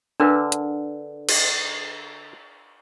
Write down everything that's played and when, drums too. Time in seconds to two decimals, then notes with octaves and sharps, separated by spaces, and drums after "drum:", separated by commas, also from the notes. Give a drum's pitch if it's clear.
0.20 D3 D4 A#4 B4
0.52 drum: hi-hat
1.29 drum: cymbal